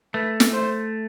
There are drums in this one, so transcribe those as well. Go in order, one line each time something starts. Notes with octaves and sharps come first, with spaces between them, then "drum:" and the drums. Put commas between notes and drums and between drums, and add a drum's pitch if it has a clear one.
A3 B4
drum: snare
C5